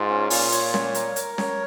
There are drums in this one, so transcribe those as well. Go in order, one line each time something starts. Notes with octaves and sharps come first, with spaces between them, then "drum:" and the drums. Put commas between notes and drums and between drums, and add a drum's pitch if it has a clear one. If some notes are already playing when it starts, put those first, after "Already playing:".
Already playing: G#2 F4
C#4
A#2 F4, drum: open hi-hat
C#5, drum: hi-hat
C#5, drum: snare C#4
A#4, drum: hi-hat
A#4, drum: hi-hat
C#5, drum: snare C#4